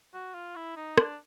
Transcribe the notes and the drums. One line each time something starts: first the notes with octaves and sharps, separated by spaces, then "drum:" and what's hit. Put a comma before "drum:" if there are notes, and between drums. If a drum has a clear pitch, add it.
F#4
F4
E4
D#4
D4, drum: rim click